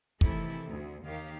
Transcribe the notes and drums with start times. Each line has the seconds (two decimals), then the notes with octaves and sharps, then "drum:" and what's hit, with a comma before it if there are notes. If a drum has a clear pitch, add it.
0.21 C3 D#3 E3 A3 E4 A4, drum: kick
0.69 D2
1.06 D#2 D#3 G4 F5